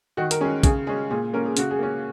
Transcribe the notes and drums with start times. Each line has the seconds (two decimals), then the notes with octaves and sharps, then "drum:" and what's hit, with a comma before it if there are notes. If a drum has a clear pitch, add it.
0.17 D#3 F#4
0.31 A#4, drum: hi-hat
0.41 G#3 C#4 G#4
0.63 C#3 G#4, drum: kick A#1, hi-hat
0.87 G#3 C#4 G#4
1.11 A#2 G#4
1.33 A#3 C#4 A#4
1.45 G#4
1.57 C#3 F#4, drum: hi-hat
1.71 G#4
1.79 A#3 C#4